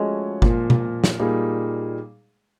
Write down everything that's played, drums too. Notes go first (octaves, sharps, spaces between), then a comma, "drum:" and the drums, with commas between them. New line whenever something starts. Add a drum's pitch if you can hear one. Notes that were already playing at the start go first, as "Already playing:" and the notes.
Already playing: F3 G#3 A3 C#4 F#4
A#2 F3 A#3, drum: kick G1
drum: tom B2
drum: snare
A#2 G3 A#3 D#4 G#4